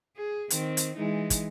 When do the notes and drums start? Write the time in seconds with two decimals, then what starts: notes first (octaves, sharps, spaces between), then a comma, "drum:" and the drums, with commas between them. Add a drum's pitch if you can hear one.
0.17 G#4
0.50 D#3 C4, drum: hi-hat
0.77 drum: hi-hat
0.96 E3 G#3 D#4
1.30 drum: kick, hi-hat